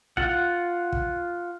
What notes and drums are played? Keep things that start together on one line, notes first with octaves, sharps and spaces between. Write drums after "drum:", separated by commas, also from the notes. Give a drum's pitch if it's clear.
F4 F#5, drum: kick
drum: kick